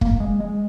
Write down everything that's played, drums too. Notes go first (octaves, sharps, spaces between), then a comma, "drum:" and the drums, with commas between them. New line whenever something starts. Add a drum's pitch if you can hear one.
A#3, drum: kick
G#3
G#3